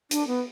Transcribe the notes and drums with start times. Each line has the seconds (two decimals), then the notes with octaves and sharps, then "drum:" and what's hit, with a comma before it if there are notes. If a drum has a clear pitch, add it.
0.11 D4, drum: hi-hat
0.27 B3